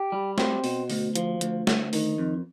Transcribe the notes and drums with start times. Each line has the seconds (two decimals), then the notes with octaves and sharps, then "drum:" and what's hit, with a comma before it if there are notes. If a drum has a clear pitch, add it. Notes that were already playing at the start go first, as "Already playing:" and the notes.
Already playing: G4
0.12 G3
0.38 C4, drum: snare A3
0.64 B2, drum: open hi-hat
0.90 D2, drum: open hi-hat
1.16 F3, drum: hi-hat
1.41 D2, drum: hi-hat
1.67 D2, drum: snare A3
1.93 D#3, drum: open hi-hat
2.18 F2